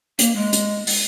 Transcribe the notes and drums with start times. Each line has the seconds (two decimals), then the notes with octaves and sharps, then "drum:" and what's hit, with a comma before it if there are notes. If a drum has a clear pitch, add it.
0.19 A#3, drum: hi-hat
0.35 G#3
0.53 drum: hi-hat
0.87 drum: open hi-hat